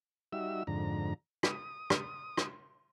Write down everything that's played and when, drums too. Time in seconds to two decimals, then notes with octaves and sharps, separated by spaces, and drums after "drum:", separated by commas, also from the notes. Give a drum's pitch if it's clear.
0.32 G3 D#4 F#4 E5 E6
0.67 F2 G#2 D3 A#5
1.43 D#6, drum: rim click
1.90 drum: rim click
2.37 drum: rim click